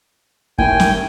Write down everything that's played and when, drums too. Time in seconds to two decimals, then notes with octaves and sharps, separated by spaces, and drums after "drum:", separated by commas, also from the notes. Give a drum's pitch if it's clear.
0.58 D#2 A2 G5 G#5, drum: kick
0.80 drum: snare